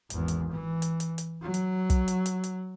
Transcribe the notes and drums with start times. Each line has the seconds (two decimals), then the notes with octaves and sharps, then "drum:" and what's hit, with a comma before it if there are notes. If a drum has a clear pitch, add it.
0.10 G#1 E2, drum: hi-hat
0.28 drum: hi-hat
0.52 E3
0.82 drum: hi-hat
1.00 drum: hi-hat
1.18 drum: hi-hat
1.42 F#3
1.54 drum: hi-hat
1.90 drum: kick, hi-hat
2.08 drum: hi-hat
2.26 drum: hi-hat
2.44 drum: hi-hat